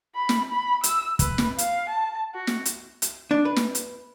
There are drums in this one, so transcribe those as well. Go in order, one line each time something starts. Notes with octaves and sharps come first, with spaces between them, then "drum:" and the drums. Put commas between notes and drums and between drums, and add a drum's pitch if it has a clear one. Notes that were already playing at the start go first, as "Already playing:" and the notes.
B5
drum: snare
B5
E6, drum: hi-hat
B4, drum: kick, hi-hat
drum: snare
F5, drum: hi-hat
A5
F#4
drum: snare
drum: hi-hat
drum: hi-hat
D4
B4
drum: snare
drum: hi-hat